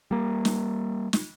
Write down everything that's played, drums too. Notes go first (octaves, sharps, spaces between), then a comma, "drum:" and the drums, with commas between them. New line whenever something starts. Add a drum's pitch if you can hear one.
G3 A#3
drum: snare
drum: snare